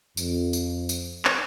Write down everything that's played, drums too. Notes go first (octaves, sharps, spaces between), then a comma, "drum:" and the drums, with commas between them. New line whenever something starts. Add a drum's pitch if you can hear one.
F2, drum: tambourine
drum: tambourine
drum: tambourine
drum: clap